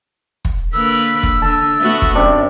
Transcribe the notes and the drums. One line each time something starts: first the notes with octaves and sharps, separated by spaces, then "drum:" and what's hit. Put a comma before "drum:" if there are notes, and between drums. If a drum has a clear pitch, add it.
drum: kick
D3 A#3 B4 E6
drum: kick
D3 A5
A3 B3 F#4
drum: kick
F#2 C3 D4 G4